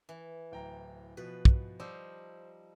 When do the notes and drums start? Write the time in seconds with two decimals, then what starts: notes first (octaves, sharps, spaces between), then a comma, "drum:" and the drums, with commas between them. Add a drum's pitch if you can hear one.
0.09 E3
0.51 D1 G5 A#5
1.17 B2 F3 B4
1.45 drum: kick
1.80 F3 G3 D#4 C5 E6